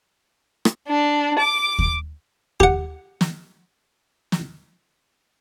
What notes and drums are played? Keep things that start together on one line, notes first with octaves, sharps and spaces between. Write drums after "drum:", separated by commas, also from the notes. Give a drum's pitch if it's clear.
drum: rim click
D4
D6
drum: kick D#2
G4 F#5, drum: kick D#2
drum: snare
drum: snare